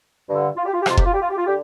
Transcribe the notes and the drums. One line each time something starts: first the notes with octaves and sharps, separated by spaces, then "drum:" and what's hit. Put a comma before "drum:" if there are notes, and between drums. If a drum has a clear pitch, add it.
G2 D3
F4
G4
F4
G4
F2 C3 F4, drum: rim click
G4, drum: kick F1
F4
G4
F4
G4
F4
D3 G4